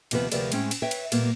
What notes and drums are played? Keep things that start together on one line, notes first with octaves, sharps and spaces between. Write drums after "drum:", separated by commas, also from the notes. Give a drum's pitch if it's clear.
D#2 C3 F3 B3 B4, drum: cymbal
D2 C3 F3 A#4 B4 D5, drum: cymbal
A2 G#3 C4 C#4 G#4 G5, drum: cymbal
drum: cymbal
B4 C#5 E5 G5
drum: cymbal
A#2 G3 A#3 B3, drum: cymbal